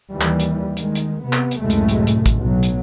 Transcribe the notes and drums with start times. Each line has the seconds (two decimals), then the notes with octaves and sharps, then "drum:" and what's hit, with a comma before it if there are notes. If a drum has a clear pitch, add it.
0.11 D#2 E3 G3
0.21 drum: clap
0.40 drum: hi-hat
0.77 D#3 G#3, drum: hi-hat
0.95 drum: hi-hat
1.23 C3 B3
1.33 drum: clap
1.51 drum: hi-hat
1.60 C#2 F#2 A2 C3 G#3 A3
1.70 drum: hi-hat
1.88 drum: hi-hat
2.07 drum: hi-hat
2.26 drum: kick, hi-hat
2.39 B1 F#3
2.63 drum: hi-hat